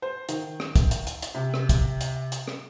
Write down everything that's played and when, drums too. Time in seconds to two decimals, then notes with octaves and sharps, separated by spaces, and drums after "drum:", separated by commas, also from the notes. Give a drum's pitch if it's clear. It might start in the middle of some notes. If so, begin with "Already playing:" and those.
0.02 C5
0.29 D#3, drum: hi-hat
0.60 drum: rim click
0.76 drum: kick, hi-hat
0.91 drum: hi-hat
1.07 drum: hi-hat
1.22 drum: hi-hat
1.34 C3
1.54 drum: rim click
1.69 drum: kick, hi-hat
2.01 drum: hi-hat
2.32 drum: hi-hat
2.48 drum: rim click